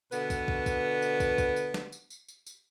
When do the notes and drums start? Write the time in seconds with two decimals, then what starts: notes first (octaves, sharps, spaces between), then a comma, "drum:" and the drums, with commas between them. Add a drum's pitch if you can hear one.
0.12 B2 D3 B3 B4, drum: tambourine
0.30 drum: kick, tambourine
0.48 drum: kick
0.66 drum: kick, tambourine
1.02 drum: tambourine
1.20 drum: kick, tambourine
1.38 drum: kick, tambourine
1.56 drum: tambourine
1.74 drum: snare
1.92 drum: tambourine
2.10 drum: tambourine
2.28 drum: tambourine
2.46 drum: tambourine